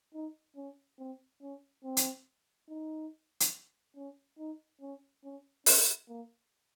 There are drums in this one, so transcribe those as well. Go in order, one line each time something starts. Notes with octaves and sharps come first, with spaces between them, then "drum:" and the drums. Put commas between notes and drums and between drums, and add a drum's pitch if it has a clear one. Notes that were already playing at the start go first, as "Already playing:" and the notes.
D#4
C#4
C4
C#4
C4
drum: hi-hat
D#4
drum: hi-hat
C#4
D#4
C#4
C#4
C#4, drum: open hi-hat
A#3